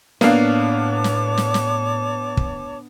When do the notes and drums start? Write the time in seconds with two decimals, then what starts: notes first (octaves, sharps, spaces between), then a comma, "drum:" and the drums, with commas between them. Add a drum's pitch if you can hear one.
0.21 A2 A#3 B3 D4 C#5 F5 A5 D6, drum: snare
1.04 drum: snare
1.37 drum: snare
1.54 drum: snare
2.37 drum: kick